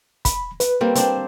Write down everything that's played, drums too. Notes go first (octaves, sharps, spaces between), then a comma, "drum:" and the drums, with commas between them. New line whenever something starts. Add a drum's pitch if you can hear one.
B5, drum: kick, hi-hat
B4, drum: hi-hat
G3 A#3 C4
C4 D4 C5, drum: hi-hat